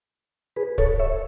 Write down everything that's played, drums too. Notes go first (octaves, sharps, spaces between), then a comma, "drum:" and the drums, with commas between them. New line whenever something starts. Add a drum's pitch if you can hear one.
G#4 B4
A4 C#5, drum: kick
C#5 E5